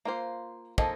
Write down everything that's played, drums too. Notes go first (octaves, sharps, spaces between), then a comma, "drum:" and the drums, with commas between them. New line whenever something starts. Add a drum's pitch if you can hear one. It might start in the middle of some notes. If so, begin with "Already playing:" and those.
A#3 F4 C5
F3 A#3 D#4 A4 D#5, drum: kick